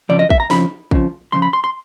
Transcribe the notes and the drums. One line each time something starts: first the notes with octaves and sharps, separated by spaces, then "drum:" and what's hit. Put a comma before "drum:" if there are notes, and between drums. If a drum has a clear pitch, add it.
F2 C#3 F3 D5
D#5
E5, drum: kick
A#5
F2 C#3 F3 B5, drum: snare
F2 C#3 F3, drum: kick
F2 C#3 F3 C6
B5
C6
C6